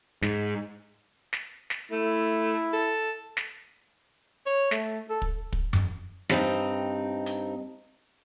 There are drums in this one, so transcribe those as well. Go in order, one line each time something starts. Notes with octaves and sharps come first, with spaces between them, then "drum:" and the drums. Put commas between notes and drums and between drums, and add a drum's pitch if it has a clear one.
G#2, drum: snare
drum: snare
drum: snare
A3 E4
A4
drum: snare
C#5
A3, drum: snare
A4
drum: kick
drum: kick
drum: tom F#2
G2 C4 D#4, drum: snare
drum: hi-hat